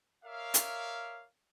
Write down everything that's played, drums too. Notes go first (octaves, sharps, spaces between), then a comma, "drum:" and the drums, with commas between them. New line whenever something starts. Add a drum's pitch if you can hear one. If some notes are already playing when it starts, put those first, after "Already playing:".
A#4 C#5 D5 E5 F5
drum: hi-hat